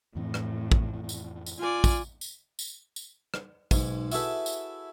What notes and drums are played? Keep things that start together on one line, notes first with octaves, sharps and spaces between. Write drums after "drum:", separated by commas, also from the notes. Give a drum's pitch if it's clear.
F2 A2 E3 C4
drum: rim click
drum: kick
drum: tambourine
drum: tambourine
F4 D5 G#5
drum: kick, tambourine
drum: tambourine
drum: tambourine
drum: tambourine
drum: rim click
B1 G#2 G#3, drum: kick, tambourine
E4 F#4 G#4 A4 B4 E5, drum: tambourine
drum: tambourine